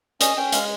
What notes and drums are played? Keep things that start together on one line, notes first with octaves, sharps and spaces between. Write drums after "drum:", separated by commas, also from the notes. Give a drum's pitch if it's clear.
C#4 D#5, drum: hi-hat
C#4 G5
G#3 F5, drum: hi-hat